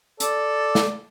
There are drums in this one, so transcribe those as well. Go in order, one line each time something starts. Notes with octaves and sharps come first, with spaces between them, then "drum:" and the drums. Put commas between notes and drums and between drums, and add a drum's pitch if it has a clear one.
A4 D5, drum: hi-hat
drum: snare